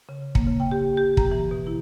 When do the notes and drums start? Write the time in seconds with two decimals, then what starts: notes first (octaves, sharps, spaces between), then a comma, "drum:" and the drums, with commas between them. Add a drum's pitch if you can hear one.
0.09 C#3
0.35 A#3, drum: kick
0.47 C#3
0.60 G5
0.71 G4
0.97 G4
1.17 A#5, drum: kick
1.31 E3
1.51 B2
1.67 E4